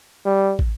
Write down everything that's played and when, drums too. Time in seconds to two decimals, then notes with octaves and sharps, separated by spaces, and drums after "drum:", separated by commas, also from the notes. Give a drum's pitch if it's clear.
0.25 G3
0.59 drum: kick